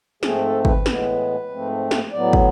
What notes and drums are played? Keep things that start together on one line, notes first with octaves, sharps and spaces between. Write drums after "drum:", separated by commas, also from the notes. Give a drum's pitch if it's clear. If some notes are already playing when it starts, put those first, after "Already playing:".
G#2 F3 A3 C4 G#4, drum: snare
A4
B4, drum: kick
A2 E3 G#3 B3, drum: snare
G#2 F3 A3 C4
drum: snare
A2 F#3 B3 D5
drum: kick